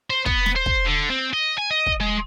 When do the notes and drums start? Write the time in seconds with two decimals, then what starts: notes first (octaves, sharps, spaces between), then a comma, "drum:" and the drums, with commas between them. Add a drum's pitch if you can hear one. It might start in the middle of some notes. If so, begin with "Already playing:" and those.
0.10 C5
0.26 B3, drum: kick
0.46 drum: snare
0.56 C5
0.66 drum: kick
0.86 D3
1.11 C4
1.33 D#5
1.58 G#5
1.71 D#5
1.86 drum: kick
2.00 G#3